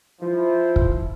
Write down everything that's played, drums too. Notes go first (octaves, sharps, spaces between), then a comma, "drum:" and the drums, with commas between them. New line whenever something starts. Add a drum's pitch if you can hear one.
F3 E4
drum: kick